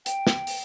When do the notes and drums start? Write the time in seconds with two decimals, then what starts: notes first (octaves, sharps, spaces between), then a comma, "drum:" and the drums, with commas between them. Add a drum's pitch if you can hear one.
0.06 G5, drum: hi-hat
0.27 drum: snare
0.47 drum: open hi-hat